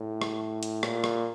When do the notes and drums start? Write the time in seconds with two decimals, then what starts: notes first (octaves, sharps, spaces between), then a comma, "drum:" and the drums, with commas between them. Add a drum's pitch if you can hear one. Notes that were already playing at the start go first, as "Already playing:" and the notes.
Already playing: A2
0.22 drum: rim click
0.63 drum: hi-hat
0.83 A#2, drum: rim click
1.04 drum: rim click